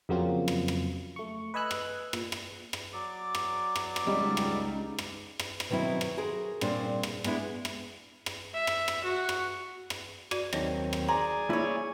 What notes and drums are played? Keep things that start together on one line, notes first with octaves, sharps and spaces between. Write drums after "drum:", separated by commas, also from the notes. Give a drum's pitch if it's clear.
F2 C#3 F#3 A#3 C4 F4
drum: rim click
drum: rim click
A3 C#6
B4 D#5 G#5 E6 F#6
drum: rim click
A#2, drum: rim click
drum: rim click
drum: rim click
F#3 D5 D6
drum: rim click
drum: rim click
drum: rim click
C#2 G3 D#4
drum: rim click
drum: rim click
drum: rim click
drum: rim click
B2 D#3 F#3 C4 E4
drum: rim click
F#4 G#4 A#4 C5
A#2 G3 C4 D4 G#4 C5, drum: rim click
drum: rim click
G#3 B3 D4 E4, drum: rim click
drum: rim click
drum: rim click
E5
drum: rim click
drum: rim click
F#4
drum: rim click
drum: rim click
F#4 D5, drum: rim click
D#2 F#3 C4 D#4 C#5 D#5, drum: rim click
drum: rim click
G#4 D5 G#5 A#5 C6
A#3 E4 C#5